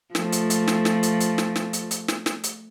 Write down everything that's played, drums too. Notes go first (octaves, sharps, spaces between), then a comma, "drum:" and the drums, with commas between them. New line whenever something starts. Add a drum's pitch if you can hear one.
F3 A3, drum: snare
drum: hi-hat
drum: hi-hat
drum: snare
drum: snare
drum: hi-hat
drum: hi-hat
drum: snare
drum: snare
drum: hi-hat
drum: hi-hat
drum: snare
drum: snare
drum: hi-hat